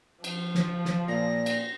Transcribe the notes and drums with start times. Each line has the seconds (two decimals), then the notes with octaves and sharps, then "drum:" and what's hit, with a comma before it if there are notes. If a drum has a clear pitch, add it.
0.24 F3, drum: cymbal
0.55 drum: snare
0.85 drum: snare
1.08 A#2 A#6
1.46 drum: cymbal